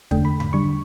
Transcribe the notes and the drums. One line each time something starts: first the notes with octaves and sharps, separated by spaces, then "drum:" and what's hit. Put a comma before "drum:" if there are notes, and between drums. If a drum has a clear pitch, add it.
E2 D3 A3 D4 G5, drum: kick
B5
B5, drum: tom G2
D3 G3 D4 C#6